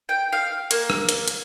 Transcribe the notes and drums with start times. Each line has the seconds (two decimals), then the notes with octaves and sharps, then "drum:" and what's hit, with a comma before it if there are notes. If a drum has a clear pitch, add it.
0.09 G5
0.32 F5
0.71 A#3, drum: hi-hat
0.90 drum: rim click
1.09 drum: hi-hat
1.28 drum: hi-hat